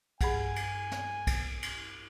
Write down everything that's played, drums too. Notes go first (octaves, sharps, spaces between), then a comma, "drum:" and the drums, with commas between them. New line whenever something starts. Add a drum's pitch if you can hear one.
G2 G#4 F#5 G#5, drum: kick, cymbal
drum: cymbal
drum: snare
drum: kick, cymbal
drum: cymbal